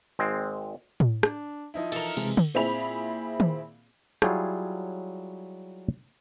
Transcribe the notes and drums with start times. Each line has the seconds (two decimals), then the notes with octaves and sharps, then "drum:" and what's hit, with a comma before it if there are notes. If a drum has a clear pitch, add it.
0.19 G#1 G#3 C4
1.00 drum: tom A2
1.23 D4, drum: rim click
1.74 F3 D#4 E4
1.92 E3 A4 A#4, drum: cymbal
2.17 C3 E3 G#3, drum: open hi-hat
2.37 drum: tom
2.54 A#2 C4 E4 G#4 B5 F7
3.40 drum: tom D#3
4.22 F#3 G3 E4 F4 G#4 C#5, drum: rim click